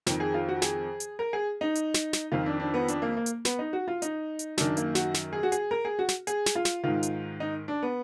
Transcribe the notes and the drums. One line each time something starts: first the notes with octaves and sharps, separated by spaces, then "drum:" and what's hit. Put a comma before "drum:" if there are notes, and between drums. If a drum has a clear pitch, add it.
F2 D#3, drum: snare
G#4
F4
F#4
G#4, drum: snare
drum: hi-hat
A#4
G#4
D#4
drum: hi-hat
drum: snare
drum: snare
F2 D#3 F4
D4
D4
B3
D4, drum: hi-hat
A#3
A#3
drum: hi-hat
B3, drum: snare
D#4
F#4
F4
D#4, drum: hi-hat
drum: hi-hat
F#2 D#3 D4, drum: snare
A#3, drum: hi-hat
F#4, drum: snare
drum: snare
G#4
F#4
G#4, drum: hi-hat
A#4
G#4
F#4
drum: snare
G#4, drum: hi-hat
drum: snare
F4
drum: snare
G#2 D#3 F4
drum: hi-hat
D#4
D4
B3